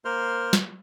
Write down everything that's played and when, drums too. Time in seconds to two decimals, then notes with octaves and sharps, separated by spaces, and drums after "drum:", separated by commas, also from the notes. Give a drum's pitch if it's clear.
0.05 A#3 A#4 C5 C6 F6
0.53 drum: snare